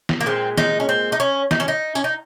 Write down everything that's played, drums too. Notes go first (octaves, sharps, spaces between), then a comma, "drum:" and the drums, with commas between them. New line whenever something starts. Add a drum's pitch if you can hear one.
drum: snare
A#3
A#2 G#3 C4
D#4, drum: snare
C#4
C4
D#4
C#4
D#4, drum: snare
C#4
D#4
C#4, drum: tambourine
D#4